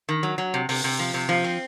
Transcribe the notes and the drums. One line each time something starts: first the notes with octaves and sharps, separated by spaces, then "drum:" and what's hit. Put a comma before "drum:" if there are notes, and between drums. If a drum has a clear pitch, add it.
D#3
F#3
F#3
C3
C3, drum: open hi-hat
C3
F3
C3
F3
C4